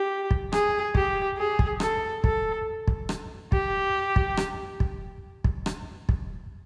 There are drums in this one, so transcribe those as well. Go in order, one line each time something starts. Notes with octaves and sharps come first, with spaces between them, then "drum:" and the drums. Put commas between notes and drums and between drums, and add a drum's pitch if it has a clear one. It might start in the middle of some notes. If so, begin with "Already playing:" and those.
Already playing: G4
drum: kick
G#4, drum: rim click
G4, drum: kick
G#4
drum: kick
A4, drum: rim click
A4, drum: kick
drum: kick
drum: rim click
G4, drum: kick
drum: kick
drum: rim click
drum: kick
drum: kick
drum: rim click
drum: kick